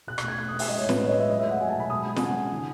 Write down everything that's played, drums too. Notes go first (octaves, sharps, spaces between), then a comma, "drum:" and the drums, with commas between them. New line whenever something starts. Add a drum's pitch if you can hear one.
B2 F#6
F#6, drum: rim click
A3
G#6
A3 F#6
D#6
A3
E5, drum: open hi-hat
G#3 D#5
C#5
A2
B4, drum: snare
G#3
C#5
D#5
G#3 E5
F#3 D#5
E5
A3 F#5
F#3 G#5
A5
B2 B5
G#3 D#6
G#3
G#5, drum: snare
C#3 F#5
C#3
D#3